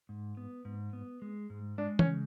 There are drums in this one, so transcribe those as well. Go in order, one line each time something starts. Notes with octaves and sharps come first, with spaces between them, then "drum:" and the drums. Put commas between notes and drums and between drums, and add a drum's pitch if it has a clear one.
G#2
B3
G#2
B3
G#3
G#2
G#3 D4
C#4, drum: tom
C#3